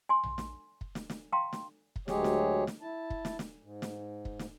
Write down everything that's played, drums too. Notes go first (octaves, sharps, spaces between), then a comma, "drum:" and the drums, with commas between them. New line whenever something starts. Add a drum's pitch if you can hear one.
G#5 C6
drum: tom A#1
drum: snare
drum: kick
drum: snare
drum: snare
F5 G5 A#5 C6
drum: snare
drum: kick
D2 F#3 G#3 G4 G#4 C#5, drum: snare
drum: snare
drum: snare
E4 A5
drum: kick
drum: snare
drum: snare
G#2
drum: snare
drum: kick
drum: snare